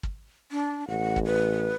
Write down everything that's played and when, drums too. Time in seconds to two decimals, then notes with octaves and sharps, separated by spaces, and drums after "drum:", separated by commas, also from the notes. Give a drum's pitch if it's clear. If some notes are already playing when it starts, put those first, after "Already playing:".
0.03 drum: kick
0.52 D4
0.88 A1 F#5
1.16 drum: kick
1.26 B4